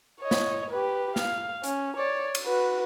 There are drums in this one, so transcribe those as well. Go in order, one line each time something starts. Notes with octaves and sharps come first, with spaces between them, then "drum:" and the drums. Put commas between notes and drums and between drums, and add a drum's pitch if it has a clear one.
C#5 D#5
drum: snare
G4 B4
F5, drum: snare
C#4, drum: hi-hat
C#5 D5
drum: cymbal
F#4 B4